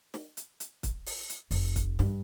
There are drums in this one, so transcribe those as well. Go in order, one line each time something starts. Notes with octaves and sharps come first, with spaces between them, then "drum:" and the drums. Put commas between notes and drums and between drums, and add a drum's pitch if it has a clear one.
drum: snare
drum: hi-hat
drum: hi-hat
drum: kick, hi-hat
drum: open hi-hat
drum: hi-hat
F1, drum: open hi-hat
drum: kick, hi-hat
G2, drum: snare